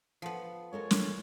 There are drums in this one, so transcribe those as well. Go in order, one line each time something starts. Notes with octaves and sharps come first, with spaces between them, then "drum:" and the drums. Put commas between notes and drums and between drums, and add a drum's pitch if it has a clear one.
F3 B3
G#3 A4 A#4 C#5
drum: snare